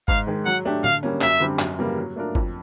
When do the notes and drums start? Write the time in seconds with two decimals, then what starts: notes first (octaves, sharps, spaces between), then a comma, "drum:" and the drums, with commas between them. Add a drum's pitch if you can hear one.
0.08 G#2 F5, drum: kick G1
0.27 D#3 G#3
0.46 F#3 F#5
0.65 A3 D4 G4
0.84 D3 F5, drum: tom
1.03 G3 A#3 C#4
1.21 F#2 E5, drum: clap
1.40 D3 G3 C4
1.59 F#2, drum: clap
1.78 C#3 E3 G3 A#3
1.97 F#3
2.16 A3 D4 F4 A#4
2.35 F2, drum: kick G1